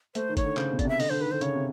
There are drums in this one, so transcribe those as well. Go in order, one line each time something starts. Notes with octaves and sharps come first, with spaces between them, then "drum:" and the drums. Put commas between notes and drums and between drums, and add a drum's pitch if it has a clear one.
A3 C5, drum: hi-hat
D#3
C#5, drum: kick G1, hi-hat
D3
C#3 C5, drum: clap
B2
D5, drum: kick G1, hi-hat
C3 E5
D3 D#5, drum: open hi-hat
D3 C5
D#3 B4
D3 C5
C#3 C#5, drum: hi-hat
C3